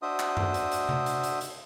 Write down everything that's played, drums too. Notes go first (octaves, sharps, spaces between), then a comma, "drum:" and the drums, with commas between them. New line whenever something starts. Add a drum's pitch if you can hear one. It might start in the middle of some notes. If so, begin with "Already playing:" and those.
D4 F#4 C5 D#5 E5 D#6
drum: clap
drum: tom F#2
drum: hi-hat
drum: hi-hat
drum: tom C3
drum: hi-hat
drum: hi-hat
drum: hi-hat